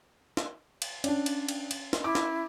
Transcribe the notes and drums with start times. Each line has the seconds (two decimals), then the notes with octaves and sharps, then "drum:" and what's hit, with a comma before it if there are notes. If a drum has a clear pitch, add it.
0.37 drum: snare
0.82 drum: cymbal
1.04 C#4 D4 D5, drum: cymbal
1.26 drum: cymbal
1.48 drum: cymbal
1.71 drum: cymbal
1.93 drum: snare
2.04 E4 D6
2.15 drum: snare